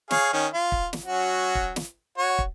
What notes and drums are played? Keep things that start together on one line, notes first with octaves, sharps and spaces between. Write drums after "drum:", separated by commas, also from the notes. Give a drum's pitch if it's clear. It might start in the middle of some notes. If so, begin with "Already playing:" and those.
G#4 C#5 F5, drum: snare
D#3 C#4
F4
drum: kick
drum: snare
F#3 C#4 F#4
drum: kick
drum: snare
F#4 C#5
drum: kick